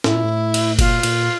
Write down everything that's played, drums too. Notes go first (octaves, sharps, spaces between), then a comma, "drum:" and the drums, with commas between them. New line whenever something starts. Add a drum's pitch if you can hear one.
A2 E4, drum: snare
A#2
A2
drum: cymbal
A#2 F4, drum: kick, cymbal
A#2, drum: cymbal